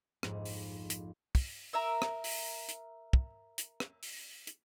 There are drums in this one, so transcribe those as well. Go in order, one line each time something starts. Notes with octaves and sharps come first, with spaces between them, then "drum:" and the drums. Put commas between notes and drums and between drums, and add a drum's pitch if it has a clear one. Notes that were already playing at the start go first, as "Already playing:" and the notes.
A#1 F2 G#2, drum: rim click
drum: open hi-hat
drum: hi-hat
drum: kick, open hi-hat
A#4 E5 E6
drum: rim click
drum: open hi-hat
drum: hi-hat
drum: kick
drum: hi-hat
drum: rim click
drum: open hi-hat
drum: hi-hat